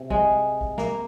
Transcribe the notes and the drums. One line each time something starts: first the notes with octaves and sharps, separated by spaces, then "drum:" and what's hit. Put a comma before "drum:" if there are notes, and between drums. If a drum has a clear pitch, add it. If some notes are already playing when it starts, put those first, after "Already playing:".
Already playing: C3
G#3, drum: kick G#1
drum: kick G#1
A#3, drum: snare